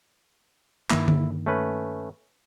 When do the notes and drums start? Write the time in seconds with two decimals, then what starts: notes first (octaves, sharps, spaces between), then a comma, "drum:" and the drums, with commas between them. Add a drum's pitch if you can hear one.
0.91 G2 D#3 A#3 E4, drum: clap
1.08 drum: tom D3
1.46 A3 C#4 B4